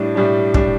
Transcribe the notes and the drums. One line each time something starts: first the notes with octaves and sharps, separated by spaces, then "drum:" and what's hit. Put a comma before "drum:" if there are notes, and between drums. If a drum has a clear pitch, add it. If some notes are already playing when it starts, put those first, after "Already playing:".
Already playing: A2 G3 D4
A2 G3 D4
A2 G3 D4, drum: kick